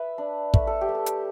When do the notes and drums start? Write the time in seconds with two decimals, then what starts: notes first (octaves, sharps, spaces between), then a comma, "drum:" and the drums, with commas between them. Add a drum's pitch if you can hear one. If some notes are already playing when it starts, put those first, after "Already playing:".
Already playing: B4 E5
0.18 D4
0.54 A3 B4, drum: kick
0.67 A4
0.81 G4
0.89 A3
0.95 A4
1.06 drum: hi-hat